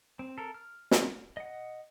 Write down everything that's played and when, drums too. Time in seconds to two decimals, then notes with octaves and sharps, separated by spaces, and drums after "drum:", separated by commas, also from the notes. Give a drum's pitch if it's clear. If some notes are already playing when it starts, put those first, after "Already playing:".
0.19 C4
0.38 A4 A#4
0.54 F6
0.91 drum: snare
1.37 D#5 F#5